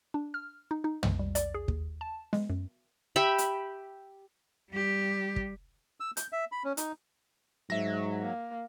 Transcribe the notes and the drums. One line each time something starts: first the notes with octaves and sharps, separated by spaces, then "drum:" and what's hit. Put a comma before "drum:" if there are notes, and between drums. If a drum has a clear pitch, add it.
D4
F6
D#4
D#4
G#3, drum: tom
G3
D5, drum: hi-hat
G#4
D#2, drum: kick
A5
G#3, drum: snare B3
F#2
G4 E5 B5
drum: hi-hat
G3 G4
drum: kick
E6
G6, drum: hi-hat
E5
B5
C#4
D#4, drum: hi-hat
G#2 F#3 E5 A#6
A#3